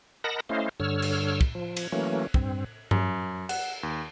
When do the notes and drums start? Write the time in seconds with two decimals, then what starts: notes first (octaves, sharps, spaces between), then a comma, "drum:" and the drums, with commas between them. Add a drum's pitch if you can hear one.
0.24 A#4 D#5 F#5 A5 B5 A#6
0.49 A3 C#4 E4 C5 D#5 F5
0.80 G2 D3 C#5 E6 F6
1.02 drum: cymbal
1.41 drum: kick
1.55 F3
1.77 drum: cymbal
1.92 E3 F#3 A3 A#3 C#4
2.34 G2 C4, drum: kick
2.91 F#2, drum: tom G2
3.49 F#5, drum: cymbal
3.83 D#2